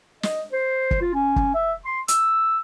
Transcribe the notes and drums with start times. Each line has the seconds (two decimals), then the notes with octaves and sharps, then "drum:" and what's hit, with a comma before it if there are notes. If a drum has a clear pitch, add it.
0.23 D#5, drum: snare
0.52 C5
0.91 drum: kick
1.01 F4
1.14 C#4
1.36 drum: kick
1.54 E5
1.85 C6
2.08 E6, drum: hi-hat